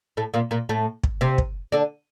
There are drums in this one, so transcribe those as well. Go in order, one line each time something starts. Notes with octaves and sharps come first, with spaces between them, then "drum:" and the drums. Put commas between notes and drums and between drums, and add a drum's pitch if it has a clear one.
A2 A3
A#2 A#3
A#2 A#3
A2 A3
drum: kick
C3 C4
drum: kick
D3 D4